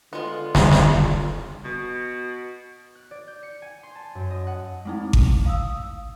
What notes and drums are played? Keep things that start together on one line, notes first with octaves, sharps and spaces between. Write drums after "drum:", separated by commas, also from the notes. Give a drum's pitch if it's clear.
D3 G#3 B3 F4
drum: snare
drum: snare
B2
F#6
D5
G6
C#7
G#5
C6
A5
F#2
D#5
F#5
G#3 A3 C4 D#4 E4
drum: kick G#1
F5 D#6 E6